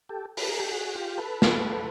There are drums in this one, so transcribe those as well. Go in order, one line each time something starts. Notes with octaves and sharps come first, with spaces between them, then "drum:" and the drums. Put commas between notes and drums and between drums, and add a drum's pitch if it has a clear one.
G4 A4
A4 B4, drum: open hi-hat
G#4 A#4
G4 A4
F#4 G#4
F4 G4
A4 B4
drum: snare